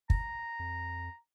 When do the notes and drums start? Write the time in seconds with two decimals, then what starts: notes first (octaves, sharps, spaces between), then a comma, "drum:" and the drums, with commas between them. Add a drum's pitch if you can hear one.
0.10 A#5, drum: kick
0.60 F2